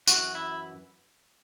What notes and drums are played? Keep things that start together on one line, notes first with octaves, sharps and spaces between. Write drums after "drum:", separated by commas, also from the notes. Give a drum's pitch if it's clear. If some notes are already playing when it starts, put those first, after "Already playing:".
F#2 E3 F#4, drum: tambourine
E4